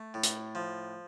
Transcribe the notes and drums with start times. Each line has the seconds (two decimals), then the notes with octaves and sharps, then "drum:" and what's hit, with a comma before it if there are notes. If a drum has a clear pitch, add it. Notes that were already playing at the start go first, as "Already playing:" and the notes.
Already playing: A3
0.14 A2
0.23 drum: hi-hat
0.55 F3